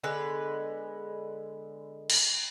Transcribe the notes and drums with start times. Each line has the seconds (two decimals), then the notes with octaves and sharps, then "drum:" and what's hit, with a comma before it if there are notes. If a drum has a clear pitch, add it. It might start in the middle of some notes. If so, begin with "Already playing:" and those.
0.03 D3 G#3 B3 B4
2.10 drum: cymbal